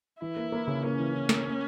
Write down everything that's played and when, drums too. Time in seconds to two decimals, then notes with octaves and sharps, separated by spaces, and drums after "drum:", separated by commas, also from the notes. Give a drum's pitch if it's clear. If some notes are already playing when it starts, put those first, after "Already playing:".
0.21 E3 E4
0.36 A#3
0.52 A#3
0.67 C#3
0.83 A#3 C#4
0.99 E3
1.15 E3
1.29 A#3, drum: snare
1.45 A#3